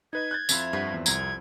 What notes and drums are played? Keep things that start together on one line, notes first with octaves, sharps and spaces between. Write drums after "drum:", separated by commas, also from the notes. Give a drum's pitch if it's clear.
D#4 B4 D#5 G#6
F#6 G6 A6
F2 E4 F4, drum: tambourine
G2 B4 C5 F#5
E2
C2 A#5 G#6, drum: tambourine